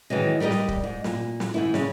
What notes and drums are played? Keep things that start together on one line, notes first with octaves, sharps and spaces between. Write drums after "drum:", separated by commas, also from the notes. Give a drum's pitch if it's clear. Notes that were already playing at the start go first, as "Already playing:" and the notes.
D#3 E3 F#3 G#3
G3 G4 A#4 D5 D#5
drum: snare
drum: kick
G#2
A#2, drum: snare
drum: snare
G#2 D#3 E4
C#3, drum: snare